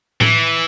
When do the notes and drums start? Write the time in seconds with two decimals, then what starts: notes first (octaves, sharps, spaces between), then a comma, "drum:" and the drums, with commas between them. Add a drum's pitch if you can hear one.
0.21 E3, drum: tom A2